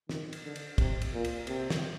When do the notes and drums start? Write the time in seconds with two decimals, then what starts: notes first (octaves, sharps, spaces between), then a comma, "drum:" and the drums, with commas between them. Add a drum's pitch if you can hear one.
0.09 D#3, drum: snare
0.33 drum: cymbal
0.44 D3
0.56 drum: cymbal
0.78 C3, drum: kick, cymbal
1.02 drum: cymbal
1.13 A#2
1.24 drum: cymbal
1.47 C3, drum: cymbal
1.70 drum: snare